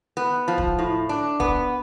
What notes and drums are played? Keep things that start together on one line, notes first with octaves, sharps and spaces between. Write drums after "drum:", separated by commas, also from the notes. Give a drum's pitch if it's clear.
B3
F3
drum: kick
A2
D4
B3, drum: kick